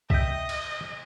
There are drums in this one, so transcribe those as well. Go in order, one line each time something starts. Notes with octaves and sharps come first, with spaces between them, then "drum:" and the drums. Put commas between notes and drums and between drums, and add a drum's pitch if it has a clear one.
D#5 E5 G5, drum: kick C2
drum: cymbal